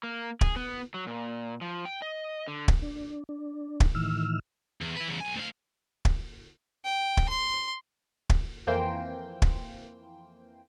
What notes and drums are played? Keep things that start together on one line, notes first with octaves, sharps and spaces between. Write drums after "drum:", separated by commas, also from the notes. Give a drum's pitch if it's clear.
A#3
G#4, drum: kick
B3
F#3
A#2
F3
G5
D#5
D3
drum: kick
D4
D4
drum: kick
A2 D#3 E3 E6 F6
E2
E4 B4
E2 C#3
B1 G#5
D2 F5
drum: kick
G5
drum: kick
C6
drum: kick
F2 E3 A#3 C5 G5 C6
drum: kick